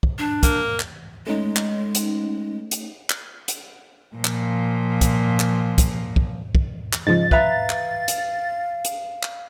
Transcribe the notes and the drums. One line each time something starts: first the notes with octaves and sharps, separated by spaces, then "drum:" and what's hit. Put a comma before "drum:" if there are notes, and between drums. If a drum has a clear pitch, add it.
drum: kick
D4
A#3, drum: kick, hi-hat
drum: clap
G#3 A3 C#4 D#4
drum: clap
drum: hi-hat
drum: hi-hat
drum: clap
drum: hi-hat
A#2 F3
drum: clap
drum: kick, hi-hat
drum: clap
drum: kick, hi-hat
drum: kick
drum: kick
drum: clap
G#2 C#3 F3 D#5 A6
B4 E5 F5 A#5, drum: kick
drum: clap
drum: hi-hat
drum: hi-hat
drum: clap